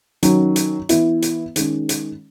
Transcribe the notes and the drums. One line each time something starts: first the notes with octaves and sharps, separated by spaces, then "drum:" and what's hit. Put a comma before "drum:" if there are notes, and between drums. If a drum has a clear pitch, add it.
D#3 F#3 C#4, drum: hi-hat
drum: hi-hat
E3 B3 E4, drum: hi-hat
drum: hi-hat
D#3 G#3 C#4, drum: hi-hat
drum: hi-hat